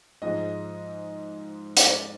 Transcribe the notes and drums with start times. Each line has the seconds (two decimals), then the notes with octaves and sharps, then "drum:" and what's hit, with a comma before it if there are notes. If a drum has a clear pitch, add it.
0.22 G#2 F3 G#3 D#5
1.77 D5, drum: hi-hat